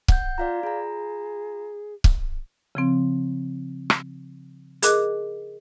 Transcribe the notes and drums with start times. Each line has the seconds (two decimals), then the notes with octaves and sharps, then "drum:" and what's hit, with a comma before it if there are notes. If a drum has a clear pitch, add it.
0.08 F#5 G6, drum: kick C#1
0.38 F4 D5 F5 A#5
0.63 F4 G#4 A#5
2.04 drum: kick C#1
2.75 C#3 F3 C4
3.90 drum: rim click
4.83 G#4 A#4 D#5 D6 F#6, drum: hi-hat